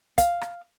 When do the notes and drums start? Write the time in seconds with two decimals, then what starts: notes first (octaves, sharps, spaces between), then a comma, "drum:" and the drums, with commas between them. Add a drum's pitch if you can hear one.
0.18 F5, drum: kick, hi-hat
0.41 drum: rim click